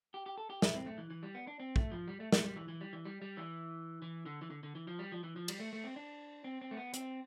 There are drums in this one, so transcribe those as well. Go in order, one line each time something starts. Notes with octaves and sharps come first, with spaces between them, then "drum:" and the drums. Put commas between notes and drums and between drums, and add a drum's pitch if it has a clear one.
G4
G4
A4
G4
E4, drum: snare
C4
A3
E3
E3
G3
B3
D4
C4
A3, drum: kick
F3
G3
A3
A3, drum: snare
G3
E3
E3
G3
E3
G3
G3
E3
E3
D3
E3
D3
D3
E3
F3
G3
F3
E3
F3
G3, drum: cymbal
A3
A3
C4
D4
C4
C4
A3
B3
C4, drum: hi-hat